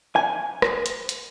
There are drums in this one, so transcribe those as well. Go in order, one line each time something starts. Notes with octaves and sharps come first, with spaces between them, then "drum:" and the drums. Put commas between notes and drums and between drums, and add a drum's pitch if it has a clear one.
G#5
drum: rim click
drum: hi-hat
drum: hi-hat